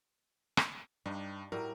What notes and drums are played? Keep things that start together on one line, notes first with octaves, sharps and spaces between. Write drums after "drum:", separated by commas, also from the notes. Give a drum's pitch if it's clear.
drum: rim click
G2 G3 D4 D#4
A2 F#3 G3 A#4